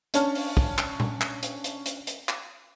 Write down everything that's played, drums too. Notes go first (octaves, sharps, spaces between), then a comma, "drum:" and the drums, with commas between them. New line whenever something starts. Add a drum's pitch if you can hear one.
C#4 D4 C#5 A5 F6, drum: hi-hat
drum: open hi-hat
drum: kick
drum: clap
drum: tom A#2
drum: clap
drum: hi-hat
drum: hi-hat
drum: hi-hat
drum: hi-hat
drum: clap